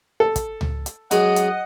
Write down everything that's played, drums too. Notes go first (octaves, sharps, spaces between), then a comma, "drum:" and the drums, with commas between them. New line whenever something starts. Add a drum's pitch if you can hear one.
A4
drum: kick, hi-hat
drum: tom C#2
drum: hi-hat
F#2 G#3 D#5 F#5, drum: hi-hat
drum: hi-hat